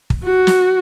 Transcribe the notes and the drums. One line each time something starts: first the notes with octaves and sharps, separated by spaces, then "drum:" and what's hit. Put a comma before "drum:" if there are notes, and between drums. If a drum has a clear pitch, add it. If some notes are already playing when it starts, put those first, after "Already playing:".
drum: kick
F#4
drum: snare